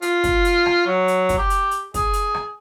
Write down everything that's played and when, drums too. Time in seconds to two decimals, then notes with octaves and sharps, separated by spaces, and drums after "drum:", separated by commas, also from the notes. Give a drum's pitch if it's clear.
0.02 F4, drum: hi-hat
0.24 drum: kick, hi-hat
0.45 drum: hi-hat
0.66 drum: rim click
0.87 F#3
1.08 drum: hi-hat
1.29 drum: kick, hi-hat
1.38 G4
1.50 drum: hi-hat
1.71 drum: hi-hat
1.94 G#4, drum: kick, hi-hat
2.13 drum: hi-hat
2.34 drum: rim click